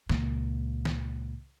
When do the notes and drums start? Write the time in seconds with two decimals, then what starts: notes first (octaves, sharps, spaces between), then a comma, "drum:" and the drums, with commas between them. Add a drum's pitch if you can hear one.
0.09 C#2 A#2, drum: snare
0.85 drum: snare